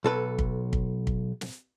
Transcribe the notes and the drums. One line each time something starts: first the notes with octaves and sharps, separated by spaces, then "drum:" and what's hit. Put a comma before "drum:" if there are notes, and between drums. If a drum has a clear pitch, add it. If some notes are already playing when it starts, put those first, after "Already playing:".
B1 A4 B4
drum: kick
drum: kick
drum: kick
drum: snare